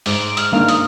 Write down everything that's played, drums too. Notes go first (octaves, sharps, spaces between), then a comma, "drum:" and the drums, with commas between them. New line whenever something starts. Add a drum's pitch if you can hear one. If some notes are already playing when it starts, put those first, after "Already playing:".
G#2 D6, drum: open hi-hat
F6, drum: hi-hat
D#3 A#3 D4
D#6, drum: hi-hat